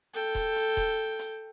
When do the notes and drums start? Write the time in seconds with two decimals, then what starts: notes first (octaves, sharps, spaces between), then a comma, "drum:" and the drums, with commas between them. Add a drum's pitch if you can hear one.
0.14 A4 G5
0.35 drum: kick D#1, hi-hat
0.56 drum: hi-hat
0.77 drum: kick D#1, hi-hat
1.19 drum: hi-hat